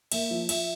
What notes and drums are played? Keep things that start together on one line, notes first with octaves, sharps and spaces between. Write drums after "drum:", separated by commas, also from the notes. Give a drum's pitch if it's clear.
A#3 E5, drum: cymbal
F3
F3 E5, drum: cymbal